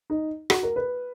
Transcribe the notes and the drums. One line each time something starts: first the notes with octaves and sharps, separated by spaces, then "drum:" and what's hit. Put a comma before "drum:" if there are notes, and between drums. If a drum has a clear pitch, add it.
D#4
F#4, drum: rim click
A#4
B4